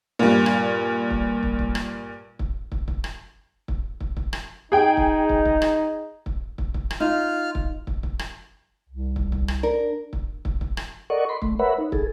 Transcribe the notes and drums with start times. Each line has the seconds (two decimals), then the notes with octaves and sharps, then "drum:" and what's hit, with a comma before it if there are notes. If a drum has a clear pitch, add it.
0.19 G2 A#2
0.46 drum: rim click
1.10 drum: kick
1.43 drum: kick
1.59 drum: kick
1.75 drum: rim click
2.39 drum: kick
2.72 drum: kick
2.88 drum: kick
3.04 drum: rim click
3.68 drum: kick
4.00 drum: kick
4.17 drum: kick
4.33 drum: rim click
4.72 D#4 G#4 G5
4.97 drum: kick
5.29 drum: kick
5.45 drum: kick
5.62 drum: rim click
6.26 drum: kick
6.58 drum: kick
6.74 drum: kick
6.90 drum: rim click
7.00 D#4 F4 F6
7.55 drum: kick
7.87 drum: kick
8.03 drum: kick
8.19 drum: rim click
8.89 C2
9.16 drum: kick
9.32 drum: kick
9.48 drum: rim click
9.63 D4 A#4
10.13 drum: kick
10.45 drum: kick
10.61 drum: kick
10.77 drum: rim click
11.10 A4 A#4 D5 D#5 F#5 C#6
11.29 B5 C6
11.42 A3, drum: kick
11.59 A#4 B4 C#5 E5 F#5 B5
11.78 D#4
11.92 G#4 A4, drum: kick